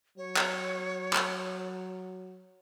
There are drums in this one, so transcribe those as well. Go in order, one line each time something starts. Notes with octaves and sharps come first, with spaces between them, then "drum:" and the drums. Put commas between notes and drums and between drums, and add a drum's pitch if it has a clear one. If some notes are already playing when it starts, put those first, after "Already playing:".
F#3 C#5
drum: clap
drum: clap